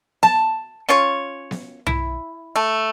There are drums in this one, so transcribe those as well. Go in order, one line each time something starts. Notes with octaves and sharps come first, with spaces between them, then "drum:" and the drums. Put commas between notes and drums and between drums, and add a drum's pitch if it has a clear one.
A5, drum: snare B3
C#4 F4 C#5
drum: snare B3
E4, drum: tom
A3